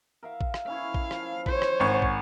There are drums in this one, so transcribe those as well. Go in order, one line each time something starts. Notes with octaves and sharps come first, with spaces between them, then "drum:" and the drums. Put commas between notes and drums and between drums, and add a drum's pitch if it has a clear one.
A#4 E5 F5
drum: kick
drum: rim click
C#4 E4 C#5 F5
drum: kick
F3 A5, drum: rim click
C5 C#5, drum: kick
drum: rim click
G#1 F#5 G#5 C#6
drum: kick